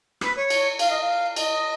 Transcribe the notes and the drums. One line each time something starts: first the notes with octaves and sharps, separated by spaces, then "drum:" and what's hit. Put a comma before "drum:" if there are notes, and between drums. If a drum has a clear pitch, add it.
B4, drum: rim click
C#5
drum: cymbal
F5, drum: cymbal
D#5
F5
D#5, drum: cymbal